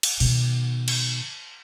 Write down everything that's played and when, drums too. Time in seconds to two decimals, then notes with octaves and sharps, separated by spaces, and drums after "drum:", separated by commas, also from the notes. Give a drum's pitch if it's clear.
0.03 drum: cymbal
0.20 B2 D#3, drum: open hi-hat
0.88 drum: cymbal